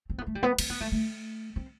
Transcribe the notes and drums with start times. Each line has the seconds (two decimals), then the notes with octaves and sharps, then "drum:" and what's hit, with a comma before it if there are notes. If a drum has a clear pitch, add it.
0.10 C4
0.18 B3
0.26 A3
0.35 G3
0.43 B3
0.59 C4, drum: cymbal
0.70 B3
0.81 A3
0.92 A3
1.56 C4